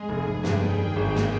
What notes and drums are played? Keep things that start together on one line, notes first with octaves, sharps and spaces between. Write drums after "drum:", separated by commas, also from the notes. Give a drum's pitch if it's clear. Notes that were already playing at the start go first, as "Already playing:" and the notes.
Already playing: G#3 G#4
F1
F1
G2 G5, drum: snare
G3
D#3
G#1
A#3, drum: snare